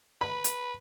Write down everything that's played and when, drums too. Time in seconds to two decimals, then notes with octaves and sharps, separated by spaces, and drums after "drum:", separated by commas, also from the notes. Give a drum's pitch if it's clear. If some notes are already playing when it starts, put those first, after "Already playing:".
0.21 B4 B5
0.44 drum: hi-hat